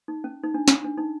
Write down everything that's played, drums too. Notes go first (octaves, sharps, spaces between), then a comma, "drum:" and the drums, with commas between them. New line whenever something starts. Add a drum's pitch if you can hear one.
D#4
C#4
D#4
D4
drum: snare
D4
D#4